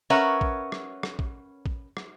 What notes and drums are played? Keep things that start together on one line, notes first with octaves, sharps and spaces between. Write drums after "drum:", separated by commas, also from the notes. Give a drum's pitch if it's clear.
C#4 A#4 B4 C#5 E5 F#5
drum: kick
drum: rim click
drum: rim click
drum: kick
drum: kick
drum: rim click